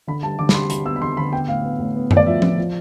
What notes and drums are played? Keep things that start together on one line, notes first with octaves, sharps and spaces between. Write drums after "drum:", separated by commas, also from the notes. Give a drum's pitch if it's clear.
D3 B5
G3 A5
D3 D6
B5, drum: snare
G3 C6
G3 B5, drum: hi-hat
B3 E6
B5
D3 C6
D3 B5
B3 G5
A2 F5
B3
A2
B3
A2, drum: tom F#2
D5
F3 E5
F3, drum: tom F3
F3